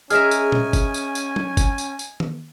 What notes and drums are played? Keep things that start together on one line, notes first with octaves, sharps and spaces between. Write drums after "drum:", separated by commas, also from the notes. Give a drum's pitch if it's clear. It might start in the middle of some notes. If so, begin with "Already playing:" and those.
C#4 G#4 A#4 D#5 E5 G#5 F6, drum: tambourine
drum: tambourine
drum: tom A#2
drum: kick G1, tambourine
drum: tambourine
drum: tambourine
drum: tom F#3
drum: kick G1, tambourine
drum: tambourine
drum: tambourine
drum: tom D#3